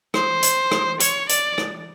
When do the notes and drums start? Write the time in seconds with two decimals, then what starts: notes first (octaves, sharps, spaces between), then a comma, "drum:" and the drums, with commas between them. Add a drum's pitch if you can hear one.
0.14 C5, drum: rim click
0.43 drum: hi-hat
0.71 drum: rim click
1.00 C#5, drum: hi-hat
1.29 D5, drum: hi-hat
1.58 drum: rim click